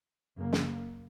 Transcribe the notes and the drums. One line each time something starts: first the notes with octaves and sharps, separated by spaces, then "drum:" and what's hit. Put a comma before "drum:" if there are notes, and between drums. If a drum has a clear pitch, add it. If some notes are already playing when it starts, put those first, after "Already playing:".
F#2 C#3 A#3
drum: snare